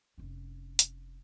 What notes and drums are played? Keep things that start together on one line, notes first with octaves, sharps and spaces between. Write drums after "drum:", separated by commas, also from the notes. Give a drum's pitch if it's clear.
F1 C#4
drum: hi-hat